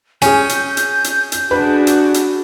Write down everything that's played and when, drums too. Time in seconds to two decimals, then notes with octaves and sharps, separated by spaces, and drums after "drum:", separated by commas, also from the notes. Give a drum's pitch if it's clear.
0.22 C#4 G#4 G#5 G6, drum: hi-hat
0.49 drum: hi-hat
0.77 drum: hi-hat
1.04 drum: hi-hat
1.32 drum: hi-hat
1.51 D4 F#4 G#4 B4
1.87 drum: hi-hat
2.14 drum: hi-hat